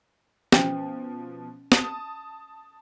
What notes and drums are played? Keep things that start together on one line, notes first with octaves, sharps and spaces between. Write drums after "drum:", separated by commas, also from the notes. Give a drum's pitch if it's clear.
B2 F3 C#4, drum: snare
A5 D#6, drum: snare